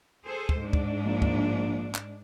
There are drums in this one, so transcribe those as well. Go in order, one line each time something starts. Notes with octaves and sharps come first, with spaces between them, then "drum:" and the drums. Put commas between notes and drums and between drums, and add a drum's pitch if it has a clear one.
G#4 A4 C5
drum: kick
G#2 D4
drum: kick
A#1
drum: kick
drum: clap